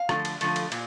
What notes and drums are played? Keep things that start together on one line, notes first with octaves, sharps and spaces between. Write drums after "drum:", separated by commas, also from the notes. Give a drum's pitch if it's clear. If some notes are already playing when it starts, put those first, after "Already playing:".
Already playing: F5
D3 F3 A3, drum: rim click
drum: cymbal
D3 F3 A3, drum: cymbal
drum: cymbal
A#2, drum: cymbal